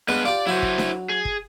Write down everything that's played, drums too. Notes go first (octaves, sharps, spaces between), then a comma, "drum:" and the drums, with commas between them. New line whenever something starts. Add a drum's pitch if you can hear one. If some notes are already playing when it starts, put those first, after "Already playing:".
G2 G#3 B3 B4 D5
F4 G4 D5
F#3 E4 F#4 C5
drum: kick
drum: snare D4
G#4
drum: kick